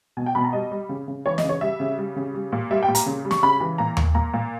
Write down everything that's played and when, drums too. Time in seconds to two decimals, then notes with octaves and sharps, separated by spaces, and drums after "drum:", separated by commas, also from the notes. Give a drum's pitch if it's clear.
0.17 B2 G#5
0.26 G5
0.35 B2 B5
0.44 A#5
0.53 G3 D#5
0.71 G3
0.89 C#3
1.08 C#3
1.26 E3 C#5
1.38 D#5, drum: snare
1.44 C#3
1.49 C#5
1.61 G3 E5
1.80 C#3
1.98 G3
2.16 C#3
2.34 G3
2.52 A#2
2.71 G3 E5
2.83 G5
2.88 A#2
2.95 A#5, drum: hi-hat
3.06 C#3
3.25 G3
3.31 C#6, drum: snare
3.43 C#3 B5
3.60 E3
3.78 A#2 A#5
3.97 A#2, drum: tom D#2
4.15 A#2 A#5
4.33 A#2